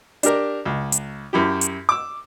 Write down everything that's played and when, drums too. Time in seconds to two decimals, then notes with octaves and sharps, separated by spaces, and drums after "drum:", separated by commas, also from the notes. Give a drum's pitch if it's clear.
0.23 D4 G4 A#4, drum: hi-hat
0.66 C#2
0.92 drum: hi-hat
1.33 F#2 E4 G4
1.61 drum: hi-hat
1.89 D6 E6